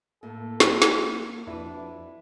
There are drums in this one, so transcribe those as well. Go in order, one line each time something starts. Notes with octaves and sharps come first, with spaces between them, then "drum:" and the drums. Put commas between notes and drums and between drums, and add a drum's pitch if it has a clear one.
A2 A#3 A4
drum: snare
drum: snare
F2 D4 E4 F#4 B4